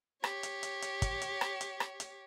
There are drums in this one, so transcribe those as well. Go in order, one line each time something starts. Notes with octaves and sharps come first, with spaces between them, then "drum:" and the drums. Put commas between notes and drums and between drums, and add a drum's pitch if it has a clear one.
G4 C#5, drum: rim click
drum: hi-hat
drum: hi-hat
drum: hi-hat
drum: kick, hi-hat
drum: hi-hat
drum: rim click
drum: hi-hat
drum: rim click
drum: hi-hat